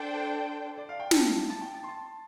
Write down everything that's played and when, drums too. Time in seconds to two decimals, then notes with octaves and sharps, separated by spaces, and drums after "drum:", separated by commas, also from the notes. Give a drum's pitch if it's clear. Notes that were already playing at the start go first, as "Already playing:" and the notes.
Already playing: D4 A4 C5 G5 A5
0.77 D5
0.89 F5
1.00 G5
1.11 A5, drum: snare
1.50 A5
1.61 G5
1.74 A5
1.83 C6
1.89 A5